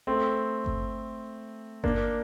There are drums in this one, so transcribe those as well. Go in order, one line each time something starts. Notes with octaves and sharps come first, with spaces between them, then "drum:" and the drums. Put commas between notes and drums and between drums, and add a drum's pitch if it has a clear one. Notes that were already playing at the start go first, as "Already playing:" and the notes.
A3 C4
drum: kick G1
A#3 D4, drum: kick G1